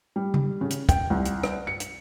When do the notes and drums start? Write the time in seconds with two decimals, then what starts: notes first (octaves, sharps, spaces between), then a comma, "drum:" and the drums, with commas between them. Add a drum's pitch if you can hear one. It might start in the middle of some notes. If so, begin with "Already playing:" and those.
0.16 G3
0.34 drum: tom C#3
0.61 C#3
0.70 drum: hi-hat
0.89 G5, drum: kick, hi-hat
1.10 C2
1.25 drum: hi-hat
1.43 drum: rim click
1.67 C#7
1.80 drum: hi-hat